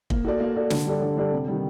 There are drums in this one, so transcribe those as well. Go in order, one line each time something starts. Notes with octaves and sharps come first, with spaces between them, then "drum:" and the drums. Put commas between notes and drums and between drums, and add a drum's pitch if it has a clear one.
A#3, drum: kick
F#4 A4 D5
A#3
F#4 A4 D5
D3, drum: snare
G3 D4 A4 D5
D3
G3 D4 A4 D5
C3
D#3 G3